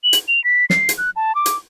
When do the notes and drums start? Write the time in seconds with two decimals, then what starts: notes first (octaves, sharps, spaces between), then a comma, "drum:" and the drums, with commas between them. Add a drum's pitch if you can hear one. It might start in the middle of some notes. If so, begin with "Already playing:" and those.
0.04 F#7
0.13 drum: hi-hat
0.28 F7
0.44 B6
0.70 C7, drum: snare
0.89 drum: hi-hat
0.98 F#6
1.16 A5
1.35 D6
1.46 drum: hi-hat